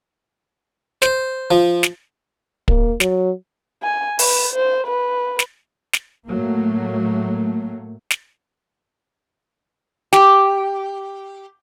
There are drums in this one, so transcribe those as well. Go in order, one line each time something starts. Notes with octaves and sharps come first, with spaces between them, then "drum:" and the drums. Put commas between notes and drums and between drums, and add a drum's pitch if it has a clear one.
C5, drum: snare
F3
drum: snare
A#3, drum: kick
F#3, drum: snare
G#5
B4, drum: open hi-hat
C5
B4
drum: snare
drum: snare
A2 F#3 A3 A#3
drum: snare
G4, drum: snare